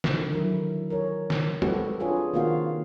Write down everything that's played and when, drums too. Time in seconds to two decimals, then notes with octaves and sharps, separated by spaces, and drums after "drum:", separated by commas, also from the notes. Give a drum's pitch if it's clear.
0.04 D3 D#3 F3, drum: snare
0.33 F#3 E4 A#4
0.90 A#4 C#5
1.30 drum: snare
1.62 C4 F#4 G4 A4 B4, drum: tom
2.00 D4 F4 G#4 B4 C#5
2.33 D#3 A#3 C4 F4 F#4 F5